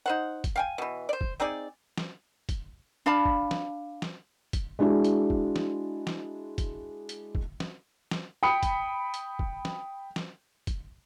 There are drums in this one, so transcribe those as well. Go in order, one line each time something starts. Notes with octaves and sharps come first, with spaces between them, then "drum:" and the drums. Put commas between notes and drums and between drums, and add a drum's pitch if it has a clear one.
D#4 C5 F#5
drum: kick, hi-hat
F5 G5 G#5
B2 E3
C5 D5
drum: kick
C4 D#4 G#4 D5
drum: snare
drum: kick, hi-hat
D4 F5 A5 B5
drum: kick
drum: snare
drum: snare
drum: kick, hi-hat
G#3 D4 E4 F#4 G#4
drum: hi-hat
drum: kick
drum: snare
drum: snare
drum: kick, hi-hat
drum: hi-hat
drum: kick
drum: snare
drum: snare
G5 B5 D#6 C#7
drum: kick, hi-hat
drum: hi-hat
drum: kick
drum: snare
drum: snare
drum: kick, hi-hat